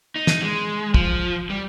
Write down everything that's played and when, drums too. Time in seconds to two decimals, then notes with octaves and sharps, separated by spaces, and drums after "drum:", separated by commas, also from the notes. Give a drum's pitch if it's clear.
0.16 D#4
0.27 drum: snare
0.42 G#3
0.94 F3, drum: kick
1.50 G3